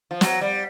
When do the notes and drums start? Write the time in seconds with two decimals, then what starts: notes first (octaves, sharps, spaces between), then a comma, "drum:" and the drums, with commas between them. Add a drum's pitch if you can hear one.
0.11 F3
0.21 F#3, drum: snare
0.41 G3